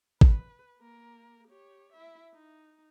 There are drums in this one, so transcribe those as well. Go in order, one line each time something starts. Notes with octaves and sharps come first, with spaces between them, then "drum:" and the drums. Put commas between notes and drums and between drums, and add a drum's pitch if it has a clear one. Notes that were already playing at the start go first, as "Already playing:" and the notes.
B4, drum: kick G#1
A#3 A#4
G4 C#5
E4 E5
D#4